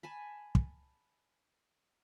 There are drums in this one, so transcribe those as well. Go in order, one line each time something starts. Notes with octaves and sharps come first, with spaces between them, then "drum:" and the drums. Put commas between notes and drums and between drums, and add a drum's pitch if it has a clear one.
G#5 A5 B5
drum: kick